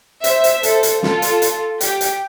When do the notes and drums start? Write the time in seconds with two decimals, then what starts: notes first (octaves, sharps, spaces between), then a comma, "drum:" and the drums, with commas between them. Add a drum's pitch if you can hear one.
0.24 C5 E5, drum: hi-hat
0.44 drum: hi-hat
0.63 A4 C5, drum: hi-hat
0.83 drum: hi-hat
1.03 F4 A4, drum: snare
1.22 drum: hi-hat
1.42 drum: hi-hat
1.81 G4, drum: hi-hat
2.01 drum: hi-hat